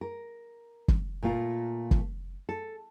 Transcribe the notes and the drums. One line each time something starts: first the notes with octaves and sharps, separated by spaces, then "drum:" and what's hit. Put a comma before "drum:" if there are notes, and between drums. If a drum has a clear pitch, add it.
A#4
drum: kick
A#2 A3 F4 A#4
drum: kick
A4